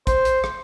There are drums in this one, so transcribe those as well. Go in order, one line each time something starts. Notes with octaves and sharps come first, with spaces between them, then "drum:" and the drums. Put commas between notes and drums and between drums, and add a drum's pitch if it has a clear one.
C5, drum: kick, hi-hat
drum: hi-hat
drum: rim click